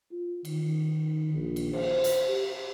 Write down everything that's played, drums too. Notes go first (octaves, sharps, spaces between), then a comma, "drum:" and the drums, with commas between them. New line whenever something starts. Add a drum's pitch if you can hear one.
F4
D#3, drum: cymbal
A#1
drum: cymbal
C5, drum: cymbal
drum: hi-hat
G4